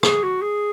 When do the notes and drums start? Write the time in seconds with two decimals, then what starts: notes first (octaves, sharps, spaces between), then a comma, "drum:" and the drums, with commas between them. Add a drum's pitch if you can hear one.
0.03 G#4, drum: rim click
0.23 F#4
0.42 G#4